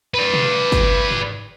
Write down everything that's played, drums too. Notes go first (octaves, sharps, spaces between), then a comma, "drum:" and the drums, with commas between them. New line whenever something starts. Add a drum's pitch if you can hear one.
B4 D5
drum: tom B2
drum: kick, tambourine
drum: tom G#2